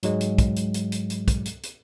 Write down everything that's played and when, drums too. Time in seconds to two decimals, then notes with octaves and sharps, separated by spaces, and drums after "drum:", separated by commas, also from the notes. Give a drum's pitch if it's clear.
0.03 G#2 F#3 G#3, drum: hi-hat
0.21 drum: hi-hat
0.38 drum: kick, hi-hat
0.56 drum: hi-hat
0.74 drum: hi-hat
0.92 drum: hi-hat
1.10 drum: hi-hat
1.28 drum: kick, hi-hat
1.45 drum: hi-hat
1.63 drum: hi-hat